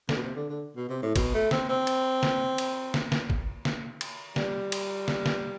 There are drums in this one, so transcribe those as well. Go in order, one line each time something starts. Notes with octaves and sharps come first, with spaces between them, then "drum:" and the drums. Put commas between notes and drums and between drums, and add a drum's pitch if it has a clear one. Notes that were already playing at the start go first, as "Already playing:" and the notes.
D3, drum: snare
B2
C3
D3
D3
B2
C3
A2
B2, drum: kick G1, cymbal
A3
C4, drum: snare
C4
drum: cymbal
drum: snare
drum: cymbal
drum: snare
drum: snare
drum: kick G1
drum: snare
drum: cymbal
G3, drum: snare
drum: cymbal
drum: snare
drum: snare